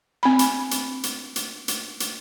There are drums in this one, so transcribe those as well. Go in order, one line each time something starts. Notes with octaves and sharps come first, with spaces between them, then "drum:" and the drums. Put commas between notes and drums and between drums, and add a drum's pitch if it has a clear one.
C4 B5
drum: hi-hat
drum: hi-hat
drum: hi-hat
drum: hi-hat
drum: hi-hat
drum: hi-hat